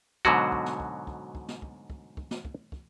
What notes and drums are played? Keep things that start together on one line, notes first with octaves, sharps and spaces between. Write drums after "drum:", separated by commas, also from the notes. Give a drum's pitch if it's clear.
G#2 B2 D3 F#3 F#4, drum: kick
drum: kick
drum: snare
drum: kick
drum: kick
drum: kick
drum: snare
drum: kick
drum: kick
drum: kick
drum: snare
drum: kick
drum: kick